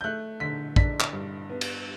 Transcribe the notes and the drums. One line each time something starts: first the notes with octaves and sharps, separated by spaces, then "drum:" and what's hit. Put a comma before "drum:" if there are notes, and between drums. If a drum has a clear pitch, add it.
G6
A3 F#6
D3 B6
D4 B6, drum: kick
drum: clap
G2
B3
drum: cymbal